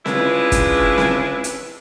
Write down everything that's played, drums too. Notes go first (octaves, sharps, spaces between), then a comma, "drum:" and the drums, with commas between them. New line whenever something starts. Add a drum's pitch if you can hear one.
C#3 G#3 D4 E4 F4 B4, drum: snare C4
drum: kick, hi-hat
drum: snare C4
drum: hi-hat